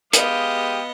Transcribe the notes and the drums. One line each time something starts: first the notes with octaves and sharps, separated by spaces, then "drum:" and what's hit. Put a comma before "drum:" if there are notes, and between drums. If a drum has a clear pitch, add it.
G#3 B3 G4 D#5 F5 D#6, drum: hi-hat